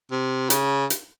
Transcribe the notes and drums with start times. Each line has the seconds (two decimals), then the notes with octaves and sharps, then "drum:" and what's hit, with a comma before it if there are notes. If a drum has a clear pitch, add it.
0.11 C3
0.50 C#3, drum: hi-hat
0.90 drum: hi-hat